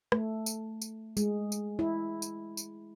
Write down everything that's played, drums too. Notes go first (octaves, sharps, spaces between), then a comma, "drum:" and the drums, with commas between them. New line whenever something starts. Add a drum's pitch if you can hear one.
A3, drum: rim click
drum: tambourine
drum: tambourine
G#3, drum: tambourine
drum: tambourine
E4
drum: tambourine
drum: tambourine